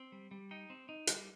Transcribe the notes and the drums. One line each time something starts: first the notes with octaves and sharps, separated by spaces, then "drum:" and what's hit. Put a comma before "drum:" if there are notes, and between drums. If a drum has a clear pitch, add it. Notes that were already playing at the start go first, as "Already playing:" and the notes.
Already playing: C4
G3
G3
D#4 G5
C4
D#4
G3, drum: hi-hat